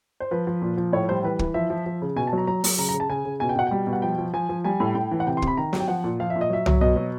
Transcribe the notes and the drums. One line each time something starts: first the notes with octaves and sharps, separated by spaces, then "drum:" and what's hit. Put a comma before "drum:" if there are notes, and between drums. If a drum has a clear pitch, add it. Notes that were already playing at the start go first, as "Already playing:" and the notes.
C5
F3 B4
F3
A#2
F3
A2 C#5
G3 C5
E3 B4
E3, drum: kick
F3 E5
F3
F3
C#3
B2 G#5
A5
F#3 A#5
F#3 A#5
F#3, drum: open hi-hat
C#3 A#5
A#5
C#3
A5
C#3 G#5
C#3
B2 G#5
G5
B2 F#5
G3 G5
B2
F#5
F3 G5
F3
F3 G#5
F3
G3 G#5
A2
A2 G5
E3
F#5
C3 G5
C6
C3, drum: kick
B5
D#3 A#5
F#3, drum: snare
G5
F3 F#5
A#2
F3 F5
E5
A#2
D#5
F#3 E5
F#3, drum: tom C2
B2 D#5
F#3